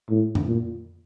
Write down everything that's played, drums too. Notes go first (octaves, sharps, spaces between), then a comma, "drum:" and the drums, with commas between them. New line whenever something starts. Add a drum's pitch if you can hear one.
A2
drum: tom F2
A#2